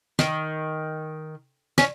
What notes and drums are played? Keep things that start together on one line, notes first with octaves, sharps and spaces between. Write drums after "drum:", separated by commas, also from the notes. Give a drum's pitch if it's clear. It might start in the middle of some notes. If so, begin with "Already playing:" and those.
D#3, drum: snare
C#4, drum: snare